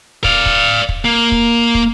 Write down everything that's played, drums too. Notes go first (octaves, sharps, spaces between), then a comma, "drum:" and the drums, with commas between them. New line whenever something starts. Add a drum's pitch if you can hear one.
D5 F5, drum: kick
drum: kick
drum: kick
A#3
drum: kick
drum: kick